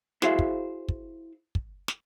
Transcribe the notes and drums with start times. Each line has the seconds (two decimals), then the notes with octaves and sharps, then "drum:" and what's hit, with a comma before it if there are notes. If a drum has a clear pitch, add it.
0.22 E4 F#4 G#4 C5 E5 F5, drum: snare
0.39 drum: kick
0.89 drum: kick
1.55 drum: kick
1.88 drum: snare